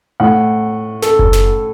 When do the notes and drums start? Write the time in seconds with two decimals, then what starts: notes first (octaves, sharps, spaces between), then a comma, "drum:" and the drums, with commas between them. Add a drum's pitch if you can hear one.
0.20 A2 F#5
1.02 A4, drum: snare
1.19 drum: kick F#1
1.33 drum: snare